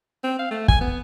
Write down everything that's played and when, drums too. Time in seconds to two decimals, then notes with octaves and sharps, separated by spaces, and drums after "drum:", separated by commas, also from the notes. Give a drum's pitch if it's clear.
0.24 C4
0.39 F5
0.51 A3
0.68 G#5, drum: kick
0.81 B3